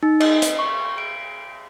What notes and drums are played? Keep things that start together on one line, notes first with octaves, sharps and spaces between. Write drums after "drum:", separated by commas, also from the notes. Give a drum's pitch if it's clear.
D#4
D#5, drum: cymbal
drum: hi-hat
C#6
D7